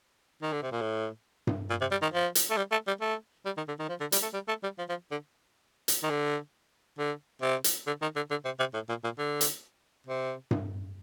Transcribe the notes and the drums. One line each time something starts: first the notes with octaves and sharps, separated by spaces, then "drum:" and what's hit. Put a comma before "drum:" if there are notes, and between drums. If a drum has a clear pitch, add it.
D#3
D3
C3
A#2
A2
drum: tom G2
A#2
C3
G3
D#3
F3
drum: hi-hat
A3
G3
A3
G3
A3
G3
D#3
D3
D#3
F3
D3
G3, drum: hi-hat
A3
G3
A3
G3
F3
F3
D3
drum: hi-hat
D#3
D3
D3
C3
drum: hi-hat
D3
D#3
D3
D3
C3
C3
A2
A#2
A#2
D3
drum: hi-hat
C3
drum: tom G2